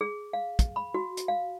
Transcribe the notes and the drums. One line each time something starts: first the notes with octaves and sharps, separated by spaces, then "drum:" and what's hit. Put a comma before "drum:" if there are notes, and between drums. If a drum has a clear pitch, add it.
G#4
F5
drum: kick, hi-hat
B5
F#4
drum: hi-hat
F5